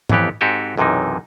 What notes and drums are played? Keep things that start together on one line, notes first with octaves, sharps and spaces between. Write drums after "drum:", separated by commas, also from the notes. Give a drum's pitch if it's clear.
A1 F2 E3 B3 G4, drum: tom G#2
G#2 C4 F#4 G4 A4 G#5
B1 F#2 C3 E3 D#4